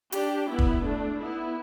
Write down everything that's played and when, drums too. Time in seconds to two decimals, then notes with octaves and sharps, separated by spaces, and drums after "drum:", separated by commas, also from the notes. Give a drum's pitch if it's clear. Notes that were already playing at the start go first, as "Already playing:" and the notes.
0.12 D4 G4, drum: hi-hat
0.48 B3 E4
0.59 drum: kick
0.84 A3 D4
1.19 B3 E4